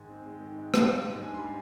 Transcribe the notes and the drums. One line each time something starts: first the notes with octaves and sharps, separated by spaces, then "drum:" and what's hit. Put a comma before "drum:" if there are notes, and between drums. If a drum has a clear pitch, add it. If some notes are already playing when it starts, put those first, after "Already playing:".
Already playing: G#2 D#3 G#5
C4
G#3
D#3
G#2
G3 F5, drum: rim click
G#2
G#2
D4 G#5
C6
G3 B5